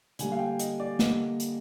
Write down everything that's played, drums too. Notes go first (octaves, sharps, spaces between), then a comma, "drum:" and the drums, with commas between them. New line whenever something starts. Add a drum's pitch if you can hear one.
D3 G3 A#3 G#5, drum: hi-hat
F5
G5
D#5, drum: hi-hat
D5
D3 G3 A#3 D#5, drum: snare
drum: hi-hat